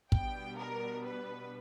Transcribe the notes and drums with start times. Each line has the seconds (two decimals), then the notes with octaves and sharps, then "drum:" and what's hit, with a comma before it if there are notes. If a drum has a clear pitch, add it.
0.12 B2 G3 B3 D4 G5, drum: kick
0.59 A#4
1.06 B4